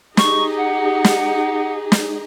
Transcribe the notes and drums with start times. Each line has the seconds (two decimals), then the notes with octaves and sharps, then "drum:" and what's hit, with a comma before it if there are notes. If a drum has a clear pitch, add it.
0.17 D#4 G4 G#4 C#6, drum: snare
0.57 F#5
1.04 drum: snare
1.92 drum: snare